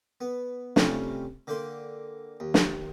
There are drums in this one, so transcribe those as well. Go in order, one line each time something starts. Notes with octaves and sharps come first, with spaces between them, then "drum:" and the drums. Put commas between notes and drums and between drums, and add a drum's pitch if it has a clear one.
B3
C3 G3 A3 C#4 F4, drum: snare
D3 A#3 G5 B5 C6
D#2
drum: snare